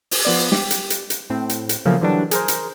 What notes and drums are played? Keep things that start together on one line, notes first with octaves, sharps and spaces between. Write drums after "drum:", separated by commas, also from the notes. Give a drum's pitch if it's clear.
drum: open hi-hat
F3 B3 D5
G4, drum: snare
drum: hi-hat
drum: hi-hat
drum: hi-hat
A2 C4
drum: hi-hat
drum: hi-hat
A#2 C#3 F3 F#3 A3 A#3
D3 E3 F#3 G3 D4
G#4 A#4 C5, drum: hi-hat
drum: hi-hat